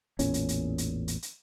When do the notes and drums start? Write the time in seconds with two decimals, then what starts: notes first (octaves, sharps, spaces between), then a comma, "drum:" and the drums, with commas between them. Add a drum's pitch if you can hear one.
0.19 A1 E2 A#2 C#4, drum: hi-hat
0.34 drum: hi-hat
0.49 drum: hi-hat
0.78 drum: hi-hat
1.08 drum: hi-hat
1.22 drum: hi-hat